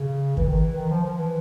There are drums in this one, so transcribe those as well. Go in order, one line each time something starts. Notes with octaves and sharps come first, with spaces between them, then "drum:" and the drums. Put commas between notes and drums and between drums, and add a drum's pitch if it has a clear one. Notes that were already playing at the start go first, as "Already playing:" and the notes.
Already playing: C#3
E3, drum: kick G1
D#3
E3
D#3
F3
F3
E3